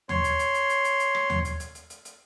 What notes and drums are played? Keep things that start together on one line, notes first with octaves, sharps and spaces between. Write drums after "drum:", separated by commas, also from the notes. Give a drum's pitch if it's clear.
C#5 C6, drum: tom D#2
drum: hi-hat
drum: hi-hat
drum: hi-hat
drum: hi-hat
drum: hi-hat
drum: hi-hat
drum: rim click
drum: tom D#2
drum: hi-hat
drum: hi-hat
drum: hi-hat
drum: hi-hat
drum: hi-hat